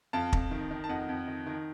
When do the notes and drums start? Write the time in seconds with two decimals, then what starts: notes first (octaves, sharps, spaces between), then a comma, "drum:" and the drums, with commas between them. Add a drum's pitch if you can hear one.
0.13 F2 F5 A5
0.33 F2, drum: kick
0.51 D#3
0.71 D#3
0.84 A5
0.89 F2 D#5 F#5
1.09 F2
1.27 D#3
1.46 D#3